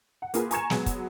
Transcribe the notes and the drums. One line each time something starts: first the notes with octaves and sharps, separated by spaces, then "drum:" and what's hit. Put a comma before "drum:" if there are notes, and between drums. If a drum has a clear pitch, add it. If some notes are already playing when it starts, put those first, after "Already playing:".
F#5
A#3 F4 G#4 A#4 B4, drum: hi-hat
G#5 A#5 C#6 G#6 E7, drum: hi-hat
F#3 G#3 B3 F#4, drum: snare
drum: kick, hi-hat